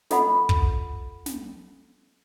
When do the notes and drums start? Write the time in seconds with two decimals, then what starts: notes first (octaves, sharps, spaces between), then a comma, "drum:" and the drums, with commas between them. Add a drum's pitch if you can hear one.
0.11 F4 A4 D#5 F#5 B5, drum: snare
0.49 drum: kick
1.26 drum: snare